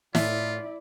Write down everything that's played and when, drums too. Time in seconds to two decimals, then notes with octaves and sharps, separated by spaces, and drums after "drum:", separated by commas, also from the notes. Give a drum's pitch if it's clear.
0.15 A2 E4 F4 D5 E5, drum: snare